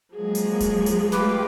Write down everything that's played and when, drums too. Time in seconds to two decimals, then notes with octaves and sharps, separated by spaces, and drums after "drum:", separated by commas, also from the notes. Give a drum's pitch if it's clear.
0.15 F3 F#3 G#3 A#3 G#4
0.35 drum: hi-hat
0.60 drum: kick D1, hi-hat
0.86 drum: hi-hat
1.12 G#3 A3 F4 G4 B4 D6, drum: snare